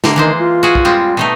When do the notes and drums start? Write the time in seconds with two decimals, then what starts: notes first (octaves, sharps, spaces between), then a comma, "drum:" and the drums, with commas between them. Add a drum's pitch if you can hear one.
0.04 D3 A#3, drum: snare
0.16 D#3 E3 G#3 C5
0.38 F4
0.63 F#4 G#4
0.75 drum: kick
0.85 G3 G#3 C4
1.17 B2 A3 D#4